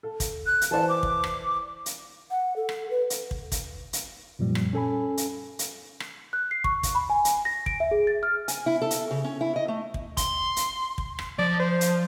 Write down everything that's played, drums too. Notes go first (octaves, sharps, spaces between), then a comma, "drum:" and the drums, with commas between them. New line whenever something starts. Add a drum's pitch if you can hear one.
A4
drum: kick, hi-hat
F#6
drum: hi-hat
E3 C5 D5 A5
D6
drum: kick
drum: rim click
drum: hi-hat
F#5
A4
drum: rim click
B4
drum: hi-hat
drum: kick
drum: kick, hi-hat
drum: hi-hat
F#2 A#2 F3 G3
drum: rim click
C#4 A4 G#5 B5
drum: hi-hat
drum: hi-hat
drum: rim click
F#6
C7
C#6, drum: kick
drum: kick, hi-hat
B5
G#5
drum: hi-hat
A#6
D7, drum: kick
E5
G#4
A6
F6
G#5, drum: hi-hat
E4
A4
drum: hi-hat
C#3
C#4
E4
D#5
A3
drum: kick
C6, drum: kick, hi-hat
drum: hi-hat
drum: kick
drum: rim click
F3 D5
C5
drum: hi-hat